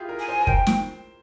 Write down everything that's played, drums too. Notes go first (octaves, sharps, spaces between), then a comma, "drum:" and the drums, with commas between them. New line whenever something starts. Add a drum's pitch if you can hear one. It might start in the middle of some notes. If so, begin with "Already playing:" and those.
Already playing: E4 F4 G4 G#4
A#4
G#5
C5
A#4
C5 G5, drum: kick
drum: snare